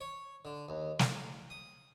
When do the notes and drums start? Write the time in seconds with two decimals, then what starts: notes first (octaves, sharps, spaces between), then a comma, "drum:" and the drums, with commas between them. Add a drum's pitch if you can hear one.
0.01 C#5
0.45 D3
0.69 D#2
0.99 F5, drum: snare
1.50 D#6